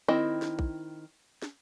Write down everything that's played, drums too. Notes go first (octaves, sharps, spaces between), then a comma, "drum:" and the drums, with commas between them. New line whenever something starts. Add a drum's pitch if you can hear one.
D#3 C4 E4 D#5
drum: snare
drum: kick A#1
drum: snare